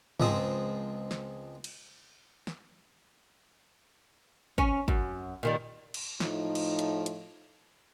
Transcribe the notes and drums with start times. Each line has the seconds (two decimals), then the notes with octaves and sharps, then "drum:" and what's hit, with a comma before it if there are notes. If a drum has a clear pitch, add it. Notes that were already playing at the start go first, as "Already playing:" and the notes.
0.20 C#2 F3 G#3 C4 D#6, drum: tom
1.11 drum: snare
1.64 drum: cymbal
2.47 drum: snare
4.58 C#4, drum: kick
4.88 F#2, drum: kick
5.43 A#2 D#3 G3
5.94 drum: cymbal
6.20 A2 F3 D#4, drum: snare
6.55 drum: cymbal
6.79 drum: hi-hat
7.06 drum: hi-hat